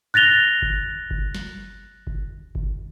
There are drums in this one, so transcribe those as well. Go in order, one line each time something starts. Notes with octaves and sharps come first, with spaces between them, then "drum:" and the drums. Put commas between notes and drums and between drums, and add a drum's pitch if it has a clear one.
F#6 A6 A#6 F7 G7
drum: kick G1
drum: kick G1
drum: snare
drum: kick G1
drum: kick G1